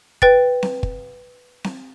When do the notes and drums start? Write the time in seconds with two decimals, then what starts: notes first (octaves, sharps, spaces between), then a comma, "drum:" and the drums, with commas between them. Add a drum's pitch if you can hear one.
0.22 B4 G5 A6, drum: kick
0.63 drum: snare C4
0.83 drum: kick
1.64 drum: snare C4